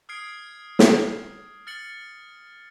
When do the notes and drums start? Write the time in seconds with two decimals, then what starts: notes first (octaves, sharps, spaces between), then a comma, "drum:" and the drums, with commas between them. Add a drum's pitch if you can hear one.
0.09 D#6 F6 G#6 C7 D7
0.79 drum: snare
1.67 F6 A6 C#7 F#7